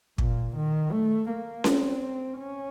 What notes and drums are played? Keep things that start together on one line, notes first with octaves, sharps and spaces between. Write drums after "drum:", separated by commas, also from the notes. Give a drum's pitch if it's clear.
A#2, drum: kick
D#3
A3
A#3
C4, drum: snare C#4
C#4